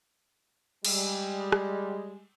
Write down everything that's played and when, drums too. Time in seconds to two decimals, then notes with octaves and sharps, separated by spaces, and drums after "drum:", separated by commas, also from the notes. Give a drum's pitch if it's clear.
0.85 G3 G#3, drum: cymbal
1.52 drum: rim click